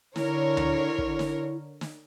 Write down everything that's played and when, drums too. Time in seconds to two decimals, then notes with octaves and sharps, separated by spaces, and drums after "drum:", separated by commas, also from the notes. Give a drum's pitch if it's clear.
0.16 D3 E4 A#4 C#5, drum: snare
0.57 drum: tom D2
0.98 drum: kick
1.19 drum: snare
1.81 drum: snare